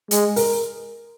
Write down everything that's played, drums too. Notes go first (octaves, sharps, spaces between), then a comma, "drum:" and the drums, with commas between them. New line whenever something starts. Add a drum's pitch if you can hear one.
G#3, drum: hi-hat
A#4, drum: open hi-hat